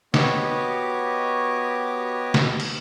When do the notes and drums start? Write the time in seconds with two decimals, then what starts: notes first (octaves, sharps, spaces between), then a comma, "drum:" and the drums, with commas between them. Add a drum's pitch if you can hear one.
0.14 B3 F#4 G4 C#5 D#5 D6, drum: snare
2.34 drum: snare
2.60 drum: cymbal